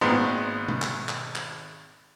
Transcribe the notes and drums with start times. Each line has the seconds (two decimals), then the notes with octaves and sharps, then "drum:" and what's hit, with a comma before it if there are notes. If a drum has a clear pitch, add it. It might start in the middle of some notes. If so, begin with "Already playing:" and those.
0.01 G#1 A#2 G#3 B3 C6
0.68 drum: tom B2
0.82 drum: clap
1.09 drum: clap
1.35 drum: clap